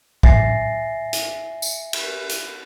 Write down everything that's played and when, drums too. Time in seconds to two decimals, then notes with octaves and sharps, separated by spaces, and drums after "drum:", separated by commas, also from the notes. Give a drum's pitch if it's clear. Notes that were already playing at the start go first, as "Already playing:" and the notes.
0.23 E5 G#5 A6 A#6 C7, drum: kick
1.13 drum: hi-hat
1.62 drum: tambourine
1.93 drum: cymbal
2.29 drum: hi-hat